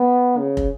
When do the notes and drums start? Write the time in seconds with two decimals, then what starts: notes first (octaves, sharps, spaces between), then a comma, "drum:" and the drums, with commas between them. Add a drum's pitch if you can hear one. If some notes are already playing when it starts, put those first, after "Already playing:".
Already playing: B3
0.38 C#3
0.57 drum: kick